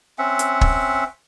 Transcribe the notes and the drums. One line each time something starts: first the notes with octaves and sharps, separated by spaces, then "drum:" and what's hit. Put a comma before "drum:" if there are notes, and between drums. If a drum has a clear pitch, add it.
C4 C#4 E5 F#5
drum: hi-hat
drum: kick